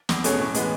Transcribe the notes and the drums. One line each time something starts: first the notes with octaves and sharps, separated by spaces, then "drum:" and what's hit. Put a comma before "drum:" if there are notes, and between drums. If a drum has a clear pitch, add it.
E2, drum: snare
B2 A3 C#4 G#4, drum: hi-hat
A2
E3 G#3 B3, drum: hi-hat